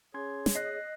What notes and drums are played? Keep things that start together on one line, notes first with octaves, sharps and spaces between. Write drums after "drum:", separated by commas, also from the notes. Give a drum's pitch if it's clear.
C#4 G#4 C#5 C6 G#6
drum: snare
D#5 F#6 A#6 C7